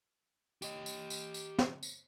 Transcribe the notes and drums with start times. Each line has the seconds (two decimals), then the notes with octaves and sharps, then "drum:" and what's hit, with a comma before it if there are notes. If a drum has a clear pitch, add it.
0.62 G4 D#5, drum: tambourine
0.86 drum: tambourine
1.10 drum: tambourine
1.34 drum: tambourine
1.58 drum: snare
1.83 drum: tambourine